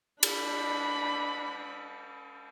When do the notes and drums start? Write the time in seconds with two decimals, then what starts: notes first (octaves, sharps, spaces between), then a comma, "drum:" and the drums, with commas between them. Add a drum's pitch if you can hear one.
0.23 D4 B5, drum: cymbal